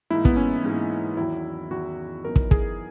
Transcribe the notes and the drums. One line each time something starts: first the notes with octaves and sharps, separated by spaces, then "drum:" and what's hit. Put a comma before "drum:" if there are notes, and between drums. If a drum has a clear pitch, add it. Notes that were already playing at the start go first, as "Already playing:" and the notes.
G#2 E3 A#3 D#4 E4
B3, drum: kick
C#4
G#2 E3 A#3 D#4
E2 D#3 F#3 E4
E2 D#3 F#3 F#4
F#2 E3 B3 D#4 A#4
drum: kick
G#4, drum: kick